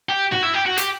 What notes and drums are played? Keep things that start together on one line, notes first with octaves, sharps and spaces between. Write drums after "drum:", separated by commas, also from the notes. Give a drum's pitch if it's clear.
G4
F#4, drum: tom
E4
G4
F#4
G4, drum: hi-hat